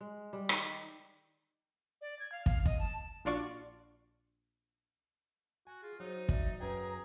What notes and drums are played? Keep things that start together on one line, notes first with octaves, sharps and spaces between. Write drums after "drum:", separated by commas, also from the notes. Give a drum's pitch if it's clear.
G#3
G3
D#3, drum: rim click
D5
G#6
F5
F5, drum: kick
D#5, drum: kick
A5
A#1 D4 F4 F#4 D5 C#6
F#4 G#5
F4 G#4
F#3 D#4 C5
D5 E5, drum: kick
F#2 F#3 G#4 B4 G5 A#5